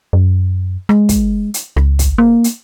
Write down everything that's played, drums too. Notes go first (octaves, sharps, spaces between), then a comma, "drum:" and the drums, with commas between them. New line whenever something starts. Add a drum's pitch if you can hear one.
F#2
G#3, drum: rim click
drum: kick, hi-hat
drum: hi-hat
C#2, drum: rim click
drum: kick, hi-hat
A#3
drum: hi-hat